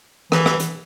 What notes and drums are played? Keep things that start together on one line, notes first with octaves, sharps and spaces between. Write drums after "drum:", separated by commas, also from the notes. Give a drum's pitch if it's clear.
E3, drum: rim click
drum: rim click
drum: hi-hat